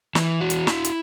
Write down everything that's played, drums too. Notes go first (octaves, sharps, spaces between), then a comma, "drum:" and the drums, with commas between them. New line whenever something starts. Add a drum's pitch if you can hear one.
E3, drum: snare
F#4
drum: hi-hat
E4, drum: snare
drum: hi-hat